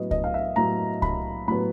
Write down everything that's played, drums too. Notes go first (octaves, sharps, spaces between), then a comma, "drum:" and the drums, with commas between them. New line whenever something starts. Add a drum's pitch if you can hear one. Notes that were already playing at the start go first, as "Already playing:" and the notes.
Already playing: A2 F#3 B3 D#5
D#5, drum: kick C2
F5
E5
A2 F#3 B3 A#5
B5, drum: kick C2
A2 F#3 B3 B5